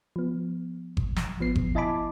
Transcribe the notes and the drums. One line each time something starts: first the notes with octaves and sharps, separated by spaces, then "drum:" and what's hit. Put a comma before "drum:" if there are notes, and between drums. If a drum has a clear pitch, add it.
F3 B3
drum: kick G1
drum: snare
A1 F3 B3 C7
drum: kick G1
E4 D#5 G#5 A5 B5 D6